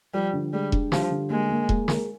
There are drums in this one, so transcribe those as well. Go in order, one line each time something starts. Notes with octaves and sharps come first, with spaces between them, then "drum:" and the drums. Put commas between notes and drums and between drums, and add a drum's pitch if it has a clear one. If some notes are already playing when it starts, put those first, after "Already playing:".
F3 G3
D3
G3 G#3
D4, drum: kick E1
F3 G3, drum: snare
D3
G#3 A#3
A#3
G#3, drum: kick E1
A#4, drum: snare